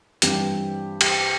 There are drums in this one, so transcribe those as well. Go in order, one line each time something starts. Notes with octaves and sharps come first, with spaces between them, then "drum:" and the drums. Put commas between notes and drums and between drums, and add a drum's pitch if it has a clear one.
G2 E3 G3 C4 G4, drum: hi-hat
G4, drum: cymbal